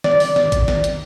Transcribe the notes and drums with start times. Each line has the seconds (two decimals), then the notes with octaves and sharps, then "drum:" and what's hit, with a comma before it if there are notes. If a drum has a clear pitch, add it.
0.04 D5, drum: snare
0.20 drum: open hi-hat
0.36 drum: snare
0.52 drum: kick, hi-hat
0.68 drum: snare
0.84 drum: hi-hat